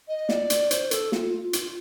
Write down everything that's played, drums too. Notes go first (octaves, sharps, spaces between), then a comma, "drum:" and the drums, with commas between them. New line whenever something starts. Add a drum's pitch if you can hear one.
D#5
D5, drum: snare
drum: hi-hat
C5, drum: hi-hat
A4, drum: hi-hat
F4, drum: snare
F4
F4, drum: hi-hat